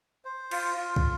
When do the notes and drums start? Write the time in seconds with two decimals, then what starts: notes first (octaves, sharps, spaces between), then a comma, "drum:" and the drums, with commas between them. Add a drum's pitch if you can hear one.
0.25 C5
0.51 F4, drum: cymbal
0.77 F4
0.96 drum: kick